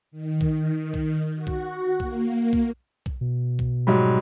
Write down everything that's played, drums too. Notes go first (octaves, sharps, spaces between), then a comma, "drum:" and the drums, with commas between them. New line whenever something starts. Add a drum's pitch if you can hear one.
D#3
drum: kick B1
drum: kick B1
F#4
drum: kick B1
A#3, drum: kick B1
drum: kick B1
drum: kick B1
B2
drum: kick B1
G#2 F#3 G3